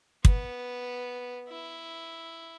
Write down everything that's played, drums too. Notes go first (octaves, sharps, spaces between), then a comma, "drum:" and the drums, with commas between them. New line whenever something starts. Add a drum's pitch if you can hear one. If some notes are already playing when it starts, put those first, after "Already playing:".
B3, drum: kick
E4